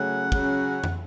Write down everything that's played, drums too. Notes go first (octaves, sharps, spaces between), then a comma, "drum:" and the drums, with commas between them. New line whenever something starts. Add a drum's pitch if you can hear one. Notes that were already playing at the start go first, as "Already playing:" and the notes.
Already playing: C#3 F#3 A3 C#4 F#5
C#3 F#3 C#4, drum: kick
drum: tom F2